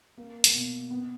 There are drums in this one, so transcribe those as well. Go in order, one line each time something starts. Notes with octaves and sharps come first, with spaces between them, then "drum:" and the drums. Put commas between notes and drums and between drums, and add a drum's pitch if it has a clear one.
A#3
drum: hi-hat
B2
B3